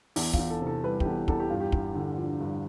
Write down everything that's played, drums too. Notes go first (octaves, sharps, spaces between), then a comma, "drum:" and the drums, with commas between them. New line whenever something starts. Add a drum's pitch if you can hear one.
E2 E4, drum: open hi-hat
F4, drum: kick
E2
A4
C3
A4
G3 B4
G4, drum: kick
E2 A4
E2 A4, drum: kick
G4
G2 F4
G4
G2, drum: kick
D3
F3
G2